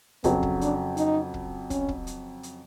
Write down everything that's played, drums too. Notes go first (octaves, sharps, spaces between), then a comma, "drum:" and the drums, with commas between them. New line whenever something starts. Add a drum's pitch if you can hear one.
F2 C#3 F#3 B3, drum: kick, hi-hat
drum: kick
D4, drum: hi-hat
D#4, drum: hi-hat
drum: kick
C#4, drum: kick, hi-hat
drum: kick
drum: hi-hat
drum: hi-hat